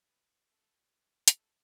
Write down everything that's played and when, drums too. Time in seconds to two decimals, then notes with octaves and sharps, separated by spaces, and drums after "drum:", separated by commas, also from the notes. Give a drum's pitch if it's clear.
0.10 B4
0.49 A4
1.28 A4, drum: hi-hat